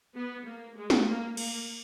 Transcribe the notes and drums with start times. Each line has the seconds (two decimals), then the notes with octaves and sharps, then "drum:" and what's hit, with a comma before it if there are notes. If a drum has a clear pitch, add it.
0.16 B3
0.46 A#3
0.77 G#3
0.90 drum: snare
1.07 A#3
1.37 A#3, drum: cymbal